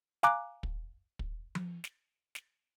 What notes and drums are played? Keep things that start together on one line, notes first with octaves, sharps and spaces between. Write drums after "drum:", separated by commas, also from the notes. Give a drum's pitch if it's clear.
F5 G#5 A#5 D6 F#6, drum: snare
drum: kick
drum: kick
drum: tom F3
drum: snare
drum: snare